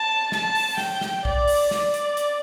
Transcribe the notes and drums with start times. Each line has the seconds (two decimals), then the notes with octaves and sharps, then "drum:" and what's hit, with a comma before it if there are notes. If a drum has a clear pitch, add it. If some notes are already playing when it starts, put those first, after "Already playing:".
Already playing: A5
0.32 A5, drum: snare
0.55 drum: open hi-hat
0.78 G5, drum: snare
1.01 drum: snare
1.25 D5, drum: kick
1.48 drum: open hi-hat
1.71 D5, drum: snare
1.94 drum: hi-hat
2.17 drum: hi-hat